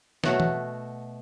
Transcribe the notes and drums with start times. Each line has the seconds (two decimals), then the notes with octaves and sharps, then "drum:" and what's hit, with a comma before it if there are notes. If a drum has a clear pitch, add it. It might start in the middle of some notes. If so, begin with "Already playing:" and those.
0.24 B2 F#3 A3 F#4, drum: snare
0.40 drum: tom